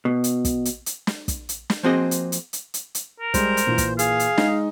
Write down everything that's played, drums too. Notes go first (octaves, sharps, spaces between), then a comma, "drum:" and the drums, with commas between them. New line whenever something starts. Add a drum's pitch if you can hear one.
B2
drum: hi-hat
drum: kick, hi-hat
drum: hi-hat
drum: hi-hat
drum: snare
drum: kick, hi-hat
drum: hi-hat
drum: snare
F3 A#3 C4 F#4 G#4 D#5
drum: hi-hat
drum: hi-hat
drum: hi-hat
drum: hi-hat
drum: hi-hat
A#4
G3 G#3 C5, drum: kick, hi-hat
drum: hi-hat
A#2 E3
drum: kick, hi-hat
G#4 F5, drum: hi-hat
drum: hi-hat
G#3 D#4, drum: snare